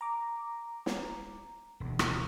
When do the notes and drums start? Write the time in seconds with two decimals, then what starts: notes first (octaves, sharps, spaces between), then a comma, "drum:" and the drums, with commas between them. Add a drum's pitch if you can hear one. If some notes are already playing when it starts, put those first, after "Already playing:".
0.01 A#5 D6
0.86 drum: snare
1.80 E1 D2
1.99 drum: rim click